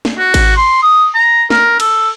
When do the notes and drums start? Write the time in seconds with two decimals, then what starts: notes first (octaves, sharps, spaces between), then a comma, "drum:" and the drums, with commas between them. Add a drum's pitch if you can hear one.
0.05 drum: snare
0.18 F#4
0.34 drum: kick G#1, cymbal
0.57 C6
0.82 D#6
1.15 A#5
1.50 A#4, drum: snare
1.80 A4, drum: cymbal